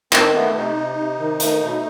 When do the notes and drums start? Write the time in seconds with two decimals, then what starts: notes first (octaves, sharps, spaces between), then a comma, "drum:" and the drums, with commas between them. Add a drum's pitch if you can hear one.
0.13 D#3 C4, drum: clap
0.34 A3 B3
0.56 C3 D#4
0.77 C3
0.97 C3
1.19 D#3
1.40 A3, drum: hi-hat
1.61 B2